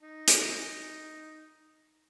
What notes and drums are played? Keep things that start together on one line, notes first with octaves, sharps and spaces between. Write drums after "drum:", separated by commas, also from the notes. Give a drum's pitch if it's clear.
D#4
drum: hi-hat